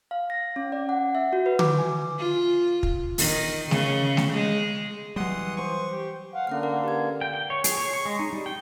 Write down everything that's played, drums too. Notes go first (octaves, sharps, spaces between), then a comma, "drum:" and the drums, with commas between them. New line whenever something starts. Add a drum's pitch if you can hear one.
F5
A#6
C#4
D5
F#5
E5
F#4
B4
D6, drum: tom D3
G#5
F4
drum: kick
D#3, drum: open hi-hat
C#3, drum: snare A3
drum: snare A3
G#3
E3 F#3 G3 F#5 C6 D#6
C5 C#6 D6
G4
F5 F#5
D3 A#3 C#4 F#5 F6
A#4
G4 B4 G#6
G5
G5
C#5
G#4, drum: hi-hat
C#5
C#6
G#3
D#4
G3
G5